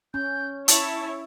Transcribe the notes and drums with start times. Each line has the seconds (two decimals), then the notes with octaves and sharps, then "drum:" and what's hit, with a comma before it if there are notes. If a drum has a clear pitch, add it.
0.14 C#4 G6
0.68 E4 C#5 A5, drum: hi-hat